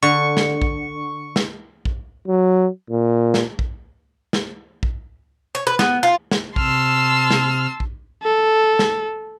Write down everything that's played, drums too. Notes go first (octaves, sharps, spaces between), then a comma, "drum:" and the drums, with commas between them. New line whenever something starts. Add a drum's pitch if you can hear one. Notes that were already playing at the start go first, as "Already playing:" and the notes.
D3 C#6
drum: snare
drum: kick A#1
drum: snare
drum: kick A#1
F#3
A#2
drum: snare
drum: kick A#1
drum: snare
drum: kick A#1
C#5
B4
B3, drum: snare
F4
drum: snare
C3 A5 C6 E6 F6, drum: kick A#1
drum: snare
drum: kick A#1
A4
drum: snare